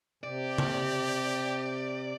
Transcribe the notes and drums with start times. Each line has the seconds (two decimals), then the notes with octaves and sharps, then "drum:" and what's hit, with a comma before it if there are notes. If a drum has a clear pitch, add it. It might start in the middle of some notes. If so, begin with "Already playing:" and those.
0.24 C3 G4 D5
0.58 drum: tom C#3